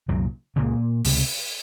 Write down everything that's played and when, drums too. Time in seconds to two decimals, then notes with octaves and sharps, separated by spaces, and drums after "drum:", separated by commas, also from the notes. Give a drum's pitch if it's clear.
0.08 C2 F#2 A#2 F#3
0.56 C#2 A#2 C#3 A#3
1.05 C#2 C3, drum: open hi-hat